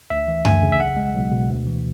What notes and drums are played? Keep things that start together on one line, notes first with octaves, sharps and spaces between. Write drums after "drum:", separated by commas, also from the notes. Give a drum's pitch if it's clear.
D2 E5
E3
D2 G#5, drum: tom F#2
C#3
E5
B1 F#5
G#3
B1
B2
D2
E3